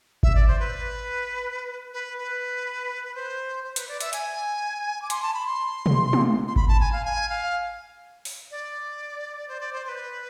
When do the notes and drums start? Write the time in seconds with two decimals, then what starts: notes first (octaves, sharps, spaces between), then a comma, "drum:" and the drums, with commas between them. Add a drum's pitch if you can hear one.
0.23 E5, drum: kick G#1
0.35 D5
0.47 C5
0.59 B4
1.93 B4
2.18 B4
3.04 B4
3.15 C5
3.64 C5
3.76 B4, drum: hi-hat
3.88 D5
4.01 E5, drum: hi-hat
4.13 G#5, drum: hi-hat
5.02 D6
5.10 C6, drum: hi-hat
5.22 A5
5.34 B5
5.46 C6
5.86 drum: tom
6.13 drum: tom
6.47 C6
6.56 B5, drum: kick G#1
6.68 A5
6.80 G#5
6.92 F5
7.05 G#5
7.29 F5
8.25 drum: open hi-hat
8.51 D5
9.48 C5
9.60 D5
9.73 C5
9.85 C5
9.88 B4